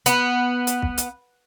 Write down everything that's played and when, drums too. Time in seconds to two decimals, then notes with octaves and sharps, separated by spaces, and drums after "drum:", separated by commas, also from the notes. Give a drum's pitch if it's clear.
0.06 B3, drum: hi-hat
0.67 drum: hi-hat
0.82 drum: kick
0.98 drum: hi-hat